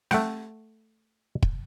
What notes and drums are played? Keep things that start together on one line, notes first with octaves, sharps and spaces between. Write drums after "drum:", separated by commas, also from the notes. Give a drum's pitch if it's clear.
A3 F#5 G5, drum: snare
drum: kick